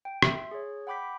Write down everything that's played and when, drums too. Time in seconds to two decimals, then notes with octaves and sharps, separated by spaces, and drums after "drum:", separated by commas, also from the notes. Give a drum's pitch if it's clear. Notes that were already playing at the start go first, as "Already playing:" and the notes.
0.05 G5
0.22 E5 C6, drum: rim click
0.51 G#4 C#5
0.87 F#5 G5 B5 D6 G6 B6